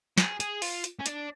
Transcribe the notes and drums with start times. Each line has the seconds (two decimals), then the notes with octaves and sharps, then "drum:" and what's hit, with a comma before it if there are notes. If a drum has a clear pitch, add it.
0.18 G#4, drum: snare
0.40 G#4, drum: hi-hat
0.62 F4, drum: open hi-hat
0.84 drum: hi-hat
0.99 C#4
1.06 D4, drum: hi-hat